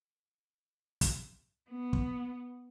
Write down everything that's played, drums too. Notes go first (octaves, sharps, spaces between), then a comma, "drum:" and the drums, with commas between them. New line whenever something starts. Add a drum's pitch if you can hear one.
drum: kick, hi-hat
B3
drum: kick